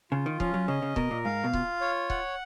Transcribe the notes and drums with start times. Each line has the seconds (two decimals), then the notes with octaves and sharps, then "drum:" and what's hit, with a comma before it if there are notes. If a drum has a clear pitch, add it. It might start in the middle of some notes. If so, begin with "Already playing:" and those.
0.11 C#3 F4
0.26 D#3
0.40 F3 C#4, drum: kick C#1
0.54 F#3
0.68 C#3 D#5
0.82 C#3
0.96 B2 A#4, drum: kick C#1
1.11 A#2
1.25 G#2 F5
1.44 B2
1.53 F4, drum: kick C#1
1.81 C#5
2.10 F#5, drum: kick C#1